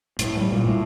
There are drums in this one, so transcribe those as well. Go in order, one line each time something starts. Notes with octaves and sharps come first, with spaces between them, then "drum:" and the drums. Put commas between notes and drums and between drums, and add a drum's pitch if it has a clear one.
A2, drum: hi-hat
G3
A#2
A2